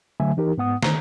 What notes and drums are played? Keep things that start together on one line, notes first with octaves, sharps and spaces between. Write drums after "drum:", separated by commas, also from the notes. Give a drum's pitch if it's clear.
D3 F#3 A3 E5 G#5
E3 D#4 G4 A#4
G#2 B3 F#5 D#6
D#3 A#5, drum: snare